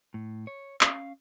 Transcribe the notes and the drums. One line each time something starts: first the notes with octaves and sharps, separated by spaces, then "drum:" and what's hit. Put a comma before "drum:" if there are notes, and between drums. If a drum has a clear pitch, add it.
A2
C#5
C#4 F5, drum: clap